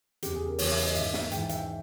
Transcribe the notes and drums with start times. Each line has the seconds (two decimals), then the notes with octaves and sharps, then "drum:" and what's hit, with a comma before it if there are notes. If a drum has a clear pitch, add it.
0.22 E2 C#3 E3 G4, drum: hi-hat
0.35 G#4
0.47 A#4
0.58 E2 C#3 E3 C#5, drum: open hi-hat
0.72 E5
0.86 D#5
0.95 G#2 E3 E5, drum: hi-hat
1.14 E5, drum: snare
1.31 G#2 E3 G5, drum: hi-hat
1.49 E5, drum: hi-hat